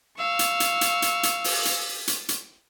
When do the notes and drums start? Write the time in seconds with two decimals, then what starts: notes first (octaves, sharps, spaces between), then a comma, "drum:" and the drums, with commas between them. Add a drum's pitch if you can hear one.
0.18 F5 C#6 E6
0.39 drum: hi-hat
0.60 drum: hi-hat
0.81 drum: hi-hat
1.02 drum: hi-hat
1.23 drum: hi-hat
1.44 drum: open hi-hat
1.65 drum: hi-hat
2.07 drum: hi-hat
2.29 drum: hi-hat